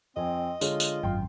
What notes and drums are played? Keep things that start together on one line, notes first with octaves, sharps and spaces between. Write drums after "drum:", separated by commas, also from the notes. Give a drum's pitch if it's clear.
F2 C4 D#5 G#5
D3 G#3 F4 C#5, drum: tambourine
drum: tambourine
G#1 F#2 G5 C6